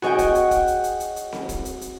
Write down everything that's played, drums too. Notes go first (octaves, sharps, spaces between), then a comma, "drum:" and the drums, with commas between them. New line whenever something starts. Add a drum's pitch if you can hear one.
F#4 G#4 C#5 D#5 F#5 G5, drum: snare C4
drum: kick, hi-hat
drum: hi-hat
drum: kick, hi-hat
drum: hi-hat
drum: hi-hat
drum: hi-hat
drum: hi-hat
drum: snare C4
drum: kick, hi-hat
drum: hi-hat
drum: hi-hat